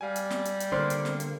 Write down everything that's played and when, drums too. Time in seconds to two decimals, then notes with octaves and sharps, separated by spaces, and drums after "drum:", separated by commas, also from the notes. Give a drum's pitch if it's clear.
0.01 G3 F5 G#5
0.16 drum: hi-hat
0.30 drum: snare
0.45 drum: hi-hat
0.60 drum: hi-hat
0.72 D3 A#3 C5 D5 C6 F6
0.90 drum: hi-hat
1.05 drum: snare
1.20 drum: hi-hat